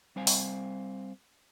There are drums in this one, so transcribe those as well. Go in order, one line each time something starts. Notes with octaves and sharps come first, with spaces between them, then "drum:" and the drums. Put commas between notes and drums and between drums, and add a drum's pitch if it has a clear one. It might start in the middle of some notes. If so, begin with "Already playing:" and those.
G3 C4 C5 F5 G#5
drum: open hi-hat